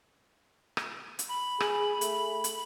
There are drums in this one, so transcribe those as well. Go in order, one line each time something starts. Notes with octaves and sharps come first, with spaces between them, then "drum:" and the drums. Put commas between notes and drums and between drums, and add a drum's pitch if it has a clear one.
drum: rim click
drum: hi-hat
B5
G#4, drum: rim click
A3, drum: hi-hat
drum: hi-hat